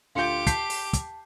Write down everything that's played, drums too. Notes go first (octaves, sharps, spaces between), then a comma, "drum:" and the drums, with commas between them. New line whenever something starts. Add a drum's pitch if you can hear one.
D2 F4 G4 F5 C6 D6 G6 C#7
A5 G6 B6 C7, drum: kick, hi-hat
drum: open hi-hat
drum: kick, hi-hat